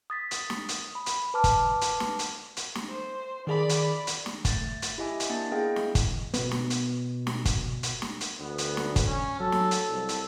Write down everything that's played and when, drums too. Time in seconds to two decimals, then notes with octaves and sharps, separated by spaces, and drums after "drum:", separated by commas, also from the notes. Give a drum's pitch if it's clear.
0.10 D#6 A6 B6
0.31 drum: hi-hat
0.50 drum: snare
0.69 drum: hi-hat
0.95 B5
1.06 drum: hi-hat
1.34 B4 A5 D6 F6
1.44 drum: kick, hi-hat
1.81 drum: hi-hat
2.00 drum: snare
2.19 drum: hi-hat
2.57 drum: hi-hat
2.75 drum: snare
2.88 C5
3.47 D#3 G#4 D5 B5
3.69 drum: hi-hat
4.07 drum: hi-hat
4.26 drum: snare
4.45 A3 A6, drum: kick, hi-hat
4.82 drum: hi-hat
4.98 E4 G4 D#5 E5 G#5 D6
5.20 drum: hi-hat
5.30 A#3 D4 F#5 A6
5.51 B3 E4 G#4 D#5 F5 G5
5.76 drum: snare
5.95 drum: kick, hi-hat
6.34 B2 B3, drum: hi-hat
6.51 drum: snare
6.70 drum: hi-hat
7.27 drum: snare
7.45 drum: kick, hi-hat
7.83 drum: hi-hat
8.02 drum: snare
8.21 drum: hi-hat
8.39 D2 B3
8.58 drum: hi-hat
8.77 drum: snare
8.96 drum: kick, hi-hat
9.07 C#4
9.40 F#3 A4
9.52 drum: snare
9.71 drum: hi-hat
9.89 C2
10.09 drum: hi-hat